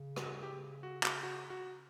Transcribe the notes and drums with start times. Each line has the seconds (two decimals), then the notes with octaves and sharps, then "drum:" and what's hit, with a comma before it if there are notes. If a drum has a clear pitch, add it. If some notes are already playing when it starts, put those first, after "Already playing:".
Already playing: C#3
0.16 F#4, drum: rim click
0.43 G4
0.83 F#4
1.03 F#4, drum: clap
1.23 F#4
1.50 F#4